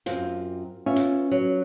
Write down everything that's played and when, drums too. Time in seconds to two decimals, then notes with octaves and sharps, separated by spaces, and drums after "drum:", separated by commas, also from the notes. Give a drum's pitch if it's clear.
0.06 F#2 C4 F4, drum: hi-hat
0.86 B3 C#4 F4 E5
0.96 drum: hi-hat
1.32 F#3